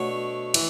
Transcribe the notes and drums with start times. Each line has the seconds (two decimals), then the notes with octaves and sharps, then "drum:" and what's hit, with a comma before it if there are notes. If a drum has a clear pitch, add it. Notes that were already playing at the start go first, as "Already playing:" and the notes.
Already playing: B2 A3 D4 C#5
0.54 E3, drum: cymbal